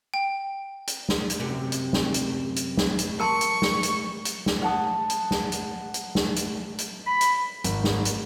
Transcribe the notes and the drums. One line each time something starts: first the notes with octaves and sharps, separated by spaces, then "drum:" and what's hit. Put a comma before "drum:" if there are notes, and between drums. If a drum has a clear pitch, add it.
G5
drum: hi-hat
drum: snare
drum: hi-hat
F#2 C3
drum: hi-hat
drum: snare
drum: hi-hat
drum: hi-hat
drum: snare
drum: hi-hat
A#4 A5 C6 C#6
drum: hi-hat
drum: snare
drum: hi-hat
drum: hi-hat
drum: snare
F#5 A5 D#6
drum: hi-hat
drum: snare
drum: hi-hat
drum: hi-hat
drum: snare
drum: hi-hat
drum: hi-hat
B5
drum: hi-hat
G#1, drum: hi-hat
drum: snare
drum: hi-hat